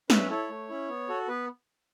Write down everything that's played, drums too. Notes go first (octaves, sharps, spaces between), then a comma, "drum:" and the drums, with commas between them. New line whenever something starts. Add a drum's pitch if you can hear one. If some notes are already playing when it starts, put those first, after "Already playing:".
C#4 B4 E5, drum: snare
E4 A4 C#5
A3
C#4 E4
B3
F#4 A4
B3 B4